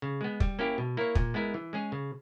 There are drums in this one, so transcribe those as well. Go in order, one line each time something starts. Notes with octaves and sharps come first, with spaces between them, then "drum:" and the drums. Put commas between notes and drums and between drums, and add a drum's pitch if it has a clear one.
C#3
G#3 B3
G3, drum: kick
A#3 C#4 E4 G4
B2
A#3 E4 A#4 C#5
A#2, drum: kick
G#3 B3 E4 A#4
E3
G#3 C#4 G#4
C#3